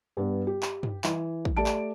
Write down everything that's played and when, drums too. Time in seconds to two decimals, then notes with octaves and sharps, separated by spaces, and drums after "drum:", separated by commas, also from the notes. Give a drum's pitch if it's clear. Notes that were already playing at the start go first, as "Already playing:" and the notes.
0.17 G2 B3
0.47 G4
0.62 drum: clap
0.83 drum: tom
1.04 E3, drum: clap
1.45 drum: kick
1.57 A3 G4 D5 A5 D7
1.66 drum: clap